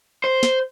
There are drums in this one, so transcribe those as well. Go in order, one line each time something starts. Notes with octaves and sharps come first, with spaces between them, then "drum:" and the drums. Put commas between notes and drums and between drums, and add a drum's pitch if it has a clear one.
C5
drum: snare